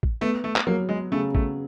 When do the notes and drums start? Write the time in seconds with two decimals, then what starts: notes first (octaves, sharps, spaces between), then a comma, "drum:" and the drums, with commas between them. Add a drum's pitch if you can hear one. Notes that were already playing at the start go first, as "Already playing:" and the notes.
0.03 drum: kick A1
0.21 A3 B3
0.44 A3
0.56 drum: clap
0.67 F#3 A#3
0.89 G#3
1.12 C#3 A3
1.35 A3, drum: kick A1